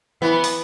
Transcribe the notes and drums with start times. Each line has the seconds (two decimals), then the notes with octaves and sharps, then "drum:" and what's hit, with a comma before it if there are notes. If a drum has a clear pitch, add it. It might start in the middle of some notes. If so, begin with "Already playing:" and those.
0.21 E3 B3
0.44 drum: open hi-hat